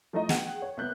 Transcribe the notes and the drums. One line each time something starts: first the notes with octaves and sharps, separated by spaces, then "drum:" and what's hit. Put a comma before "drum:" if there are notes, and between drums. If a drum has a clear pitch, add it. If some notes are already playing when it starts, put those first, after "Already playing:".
F3 A3 D#4 D#5
G#4 F#5 G5, drum: snare
C#5
C2 B3 F#6 G6